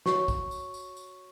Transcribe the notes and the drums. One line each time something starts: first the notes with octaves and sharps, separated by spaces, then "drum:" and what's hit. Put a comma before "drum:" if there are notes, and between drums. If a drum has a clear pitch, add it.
F#4 C#5 C#6, drum: snare
drum: kick, tambourine
drum: tambourine
drum: tambourine
drum: tambourine